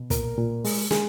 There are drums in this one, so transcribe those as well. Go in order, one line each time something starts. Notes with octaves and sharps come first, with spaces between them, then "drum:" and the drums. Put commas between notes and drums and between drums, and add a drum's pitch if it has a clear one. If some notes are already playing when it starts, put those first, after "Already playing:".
Already playing: B2
A#2 A#4, drum: kick, hi-hat
A#2
G#3, drum: open hi-hat
G#3 G#4, drum: snare